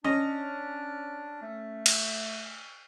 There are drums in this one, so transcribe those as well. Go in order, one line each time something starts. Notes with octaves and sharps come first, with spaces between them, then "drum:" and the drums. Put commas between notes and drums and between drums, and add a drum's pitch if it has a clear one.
C#4 D4 D#5
A3
drum: cymbal